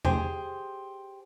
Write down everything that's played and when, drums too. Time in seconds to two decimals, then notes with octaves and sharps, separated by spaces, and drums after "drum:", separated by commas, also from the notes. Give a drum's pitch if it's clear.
0.05 G4 G#4 C5, drum: tom E2